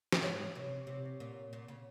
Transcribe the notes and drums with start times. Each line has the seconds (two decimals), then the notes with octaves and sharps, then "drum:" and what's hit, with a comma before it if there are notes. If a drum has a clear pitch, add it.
0.13 drum: snare
0.22 G#2 C#5
0.55 C3
0.87 C3
1.20 A#2
1.53 A#2
1.68 C#3